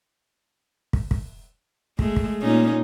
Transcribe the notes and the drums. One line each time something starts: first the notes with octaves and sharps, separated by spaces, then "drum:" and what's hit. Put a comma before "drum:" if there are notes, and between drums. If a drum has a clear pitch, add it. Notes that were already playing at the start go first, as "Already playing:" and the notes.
drum: kick
drum: kick
G#3 A3, drum: kick
drum: kick
A#2 C#4 D#4